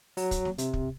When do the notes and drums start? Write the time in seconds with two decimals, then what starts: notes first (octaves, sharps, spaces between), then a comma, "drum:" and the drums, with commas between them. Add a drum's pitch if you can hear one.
0.17 F#3, drum: open hi-hat
0.31 drum: kick, hi-hat
0.45 drum: snare
0.58 C3, drum: hi-hat
0.73 drum: kick